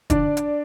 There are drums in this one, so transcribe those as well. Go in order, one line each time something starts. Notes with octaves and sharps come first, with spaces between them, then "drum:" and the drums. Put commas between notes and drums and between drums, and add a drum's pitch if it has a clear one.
D3 D4 D5, drum: kick, hi-hat
drum: hi-hat